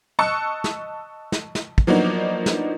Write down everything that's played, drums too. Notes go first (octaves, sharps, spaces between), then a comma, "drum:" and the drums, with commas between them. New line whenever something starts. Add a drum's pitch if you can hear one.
D#5 A5 C#6 E6 F#6 C#7
drum: snare
drum: snare
drum: snare
drum: kick
F3 F#3 A#3 B3 D4 D#4
drum: snare